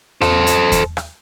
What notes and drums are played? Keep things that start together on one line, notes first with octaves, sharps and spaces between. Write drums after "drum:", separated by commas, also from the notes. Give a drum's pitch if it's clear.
A4 C5, drum: rim click
drum: hi-hat
drum: kick E2, hi-hat
drum: rim click